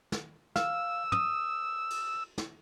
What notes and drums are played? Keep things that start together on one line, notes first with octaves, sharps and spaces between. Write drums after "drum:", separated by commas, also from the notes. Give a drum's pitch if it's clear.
drum: snare
F5 E6, drum: snare
D#6, drum: tom
drum: cymbal
drum: snare